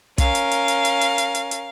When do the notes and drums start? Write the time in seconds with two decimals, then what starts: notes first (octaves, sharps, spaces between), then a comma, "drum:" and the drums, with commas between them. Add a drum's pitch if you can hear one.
0.18 C#4 A#4 F5, drum: kick, hi-hat
0.35 drum: hi-hat
0.51 drum: hi-hat
0.68 drum: hi-hat
0.85 drum: hi-hat
1.01 drum: hi-hat
1.18 drum: hi-hat
1.35 drum: hi-hat
1.51 drum: hi-hat